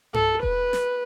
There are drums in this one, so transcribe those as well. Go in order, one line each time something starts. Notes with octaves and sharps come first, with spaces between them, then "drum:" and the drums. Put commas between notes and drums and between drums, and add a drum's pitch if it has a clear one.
A4, drum: tom G2
B4, drum: kick E1
drum: snare